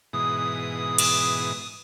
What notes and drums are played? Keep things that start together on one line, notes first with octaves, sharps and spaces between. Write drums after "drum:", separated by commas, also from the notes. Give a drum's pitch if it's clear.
G#2 B2 E3 D#6
drum: cymbal